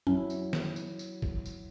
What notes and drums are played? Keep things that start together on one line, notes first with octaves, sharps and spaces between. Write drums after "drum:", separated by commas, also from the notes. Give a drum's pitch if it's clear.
F#2 F#3 C#4 E4
drum: tambourine
drum: snare
drum: tambourine
drum: tambourine
drum: kick
drum: tambourine